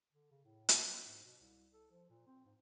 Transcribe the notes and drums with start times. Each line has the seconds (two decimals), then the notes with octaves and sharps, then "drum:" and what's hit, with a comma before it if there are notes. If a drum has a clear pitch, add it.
0.13 D3
0.31 C#3
0.45 A2
0.69 drum: hi-hat
0.80 F#3
1.05 G#2
1.24 B2
1.40 C2
1.73 A4
1.91 F3
2.10 A#2
2.27 C4
2.45 G#2